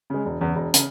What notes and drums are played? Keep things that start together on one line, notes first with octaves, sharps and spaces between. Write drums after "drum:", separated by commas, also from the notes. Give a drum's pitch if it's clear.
C#3 G#3
E1
E2 C#3
E1
C#3, drum: hi-hat